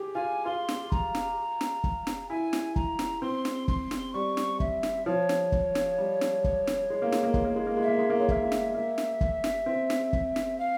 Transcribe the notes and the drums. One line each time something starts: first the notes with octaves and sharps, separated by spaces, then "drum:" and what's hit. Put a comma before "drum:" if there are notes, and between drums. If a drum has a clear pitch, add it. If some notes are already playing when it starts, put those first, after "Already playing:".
Already playing: G4 G#4
F4 G#5
F4 C6
drum: snare
A#5, drum: kick
drum: snare
drum: snare
drum: kick
drum: snare
E4 G#5
drum: snare
A#5, drum: kick
drum: snare
C4 C6
drum: snare
C6, drum: kick
drum: snare
G3 C#6
drum: snare
E5, drum: kick
drum: snare
F3 C#5
drum: snare
drum: kick
drum: snare
G3
drum: snare
drum: kick
drum: snare
G#3
A#3
G#3, drum: snare
A#3
G#3, drum: kick
A#3
G#3
A#3
G#3
A#3 E5
G#3
A#3
G#3 C#5
A#3 E5, drum: kick
G#3
drum: snare
A#3
drum: snare
drum: kick
drum: snare
C4
drum: snare
drum: kick
drum: snare
F5